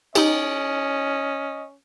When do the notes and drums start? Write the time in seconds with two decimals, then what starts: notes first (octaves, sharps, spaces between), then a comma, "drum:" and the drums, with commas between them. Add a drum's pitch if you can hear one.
0.15 C#4 D#4 G4 D#5, drum: cymbal